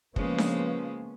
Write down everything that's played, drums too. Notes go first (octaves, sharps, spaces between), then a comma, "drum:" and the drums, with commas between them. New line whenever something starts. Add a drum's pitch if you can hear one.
C#3 F3 G#3 A#3 B3 C#4, drum: kick
drum: snare D4